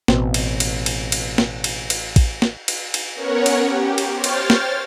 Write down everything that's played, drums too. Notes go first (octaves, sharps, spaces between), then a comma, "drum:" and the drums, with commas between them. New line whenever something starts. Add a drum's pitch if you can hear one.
A1 B2 C4, drum: snare
drum: cymbal
drum: cymbal
drum: cymbal
drum: cymbal
drum: snare
drum: cymbal
drum: cymbal
drum: kick, cymbal
drum: snare
drum: cymbal
drum: cymbal
B3 C#4 A#4 C#5 F#5
drum: cymbal
G4
drum: cymbal
C5 C#5 G5 F6 A6
drum: cymbal
drum: snare